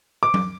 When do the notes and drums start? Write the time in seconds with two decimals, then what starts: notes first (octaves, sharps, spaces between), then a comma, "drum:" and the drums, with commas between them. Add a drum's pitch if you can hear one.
0.23 D6
0.34 drum: tom F#3